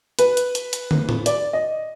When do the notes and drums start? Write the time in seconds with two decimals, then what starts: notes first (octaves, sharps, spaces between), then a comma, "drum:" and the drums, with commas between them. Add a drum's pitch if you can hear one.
0.19 B4, drum: hi-hat
0.37 drum: hi-hat
0.55 drum: hi-hat
0.73 drum: hi-hat
0.91 drum: tom
1.09 drum: tom A2
1.26 D5, drum: hi-hat
1.53 D#5